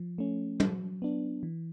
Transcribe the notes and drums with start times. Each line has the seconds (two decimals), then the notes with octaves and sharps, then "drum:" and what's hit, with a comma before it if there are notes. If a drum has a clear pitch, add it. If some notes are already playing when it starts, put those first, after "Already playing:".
Already playing: F3
0.18 A3 C#4
0.60 F#3, drum: tom
1.02 B3 D4
1.43 E3